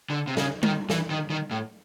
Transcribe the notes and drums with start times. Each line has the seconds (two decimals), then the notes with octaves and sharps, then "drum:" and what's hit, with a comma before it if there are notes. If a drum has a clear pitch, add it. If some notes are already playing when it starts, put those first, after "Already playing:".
0.10 D3
0.27 C3
0.37 C#3, drum: snare
0.63 D#3, drum: tom G3
0.90 E3, drum: snare
1.10 D#3
1.30 D#3
1.51 A2